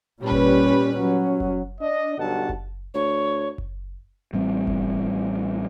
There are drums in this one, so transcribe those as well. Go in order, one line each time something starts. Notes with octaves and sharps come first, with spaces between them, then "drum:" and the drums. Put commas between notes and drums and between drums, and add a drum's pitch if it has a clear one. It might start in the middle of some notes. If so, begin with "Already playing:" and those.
A#2 G3 C#4 B4
drum: kick F#1
F#3 C#4
drum: kick F#1
D4 D#5
B1 G2 D3 F#3 F#5 A5
drum: kick F#1
D2 C#5
drum: kick F#1
A1 G3 C4
drum: kick F#1